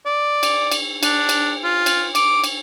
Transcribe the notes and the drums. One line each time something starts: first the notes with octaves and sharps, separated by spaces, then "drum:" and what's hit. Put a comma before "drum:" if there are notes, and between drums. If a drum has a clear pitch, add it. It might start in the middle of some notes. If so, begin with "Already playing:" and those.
D5
drum: cymbal
drum: cymbal
D4, drum: cymbal
drum: cymbal
F4
drum: cymbal
D6, drum: cymbal
drum: cymbal